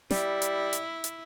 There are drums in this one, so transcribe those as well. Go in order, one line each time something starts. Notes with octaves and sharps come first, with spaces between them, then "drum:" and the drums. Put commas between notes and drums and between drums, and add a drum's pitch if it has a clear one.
G3 E4, drum: snare
drum: hi-hat
drum: hi-hat
drum: hi-hat